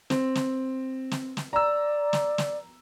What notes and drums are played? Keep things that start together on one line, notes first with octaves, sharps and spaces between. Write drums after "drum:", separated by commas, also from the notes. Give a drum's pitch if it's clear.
C4, drum: snare
drum: snare
drum: snare
drum: snare
D5 A#5 E6
drum: snare
drum: snare